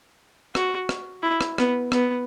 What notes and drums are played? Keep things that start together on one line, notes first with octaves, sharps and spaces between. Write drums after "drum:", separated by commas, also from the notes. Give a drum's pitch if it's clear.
F#4, drum: rim click
drum: rim click
E4
drum: rim click
B3, drum: rim click
B3, drum: rim click